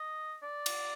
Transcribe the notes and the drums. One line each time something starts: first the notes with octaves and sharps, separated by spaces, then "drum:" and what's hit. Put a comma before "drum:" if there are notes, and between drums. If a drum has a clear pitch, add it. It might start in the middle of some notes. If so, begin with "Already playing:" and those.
Already playing: D#5
D5
drum: cymbal